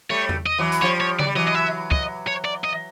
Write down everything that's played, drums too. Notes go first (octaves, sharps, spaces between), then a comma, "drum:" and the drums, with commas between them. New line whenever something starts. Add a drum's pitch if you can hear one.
G3 A3 C#5
drum: tom E2
D#5
E3 F#3
drum: hi-hat
F3 G3 C#5
C#5
F#3 D5, drum: tom C#3
G3
E3 F#3 D#5
D#5
E5
D#5, drum: kick
C#5
D5
D#5